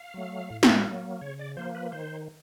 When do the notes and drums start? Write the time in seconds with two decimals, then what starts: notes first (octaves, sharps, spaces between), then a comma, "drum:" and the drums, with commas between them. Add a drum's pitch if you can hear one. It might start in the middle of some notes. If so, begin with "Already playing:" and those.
Already playing: F5
0.14 F#3 A3
0.50 A2
0.63 drum: snare
0.85 F#3 A#3
1.21 C#3 C#5
1.39 D5
1.56 F3 A#3 C5
1.75 B4
1.92 D#3 C5